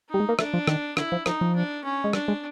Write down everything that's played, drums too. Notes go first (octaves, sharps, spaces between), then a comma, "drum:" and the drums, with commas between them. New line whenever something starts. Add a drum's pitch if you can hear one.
G3 D#4
G#3
A#3
A3 D4, drum: rim click
F3
D#3, drum: rim click
D3 E4, drum: rim click
F3
F3 D#4, drum: rim click
F3
D4
C#4
G#3
G3 D4, drum: rim click
G#3